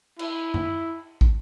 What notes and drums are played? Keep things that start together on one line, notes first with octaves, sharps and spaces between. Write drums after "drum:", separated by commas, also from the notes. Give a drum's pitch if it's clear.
E4, drum: cymbal
drum: tom F#2
drum: kick